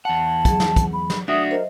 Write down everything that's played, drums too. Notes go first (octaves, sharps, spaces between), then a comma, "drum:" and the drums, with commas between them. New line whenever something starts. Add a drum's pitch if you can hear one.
E2 F#5 A5
F#3 G#4, drum: kick, hi-hat
drum: snare
drum: kick, hi-hat
B5
drum: snare
D4 F#4 E5 D#6
A#4 C5 D#5